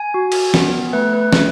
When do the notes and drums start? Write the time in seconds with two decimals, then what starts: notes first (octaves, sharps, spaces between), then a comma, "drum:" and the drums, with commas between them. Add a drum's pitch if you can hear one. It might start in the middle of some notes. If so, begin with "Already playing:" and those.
Already playing: G#5
0.14 F#4
0.32 drum: cymbal
0.54 B3, drum: snare
0.93 A3 B4
1.13 B4
1.33 G#4, drum: snare